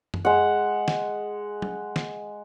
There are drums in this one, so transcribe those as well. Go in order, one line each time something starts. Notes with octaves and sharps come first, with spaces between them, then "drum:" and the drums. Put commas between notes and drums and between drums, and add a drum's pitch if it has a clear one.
drum: tom F#2
G#3 F#5
drum: snare
drum: tom
drum: snare